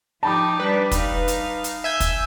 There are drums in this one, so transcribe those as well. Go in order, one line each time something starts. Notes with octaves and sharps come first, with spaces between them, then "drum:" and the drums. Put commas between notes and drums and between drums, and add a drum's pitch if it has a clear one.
F3 D#4 G4 A5 B5 D6
G3 D4 B4
D#4 F5, drum: kick, hi-hat
drum: hi-hat
drum: hi-hat
E5 G#5 G6
drum: kick, hi-hat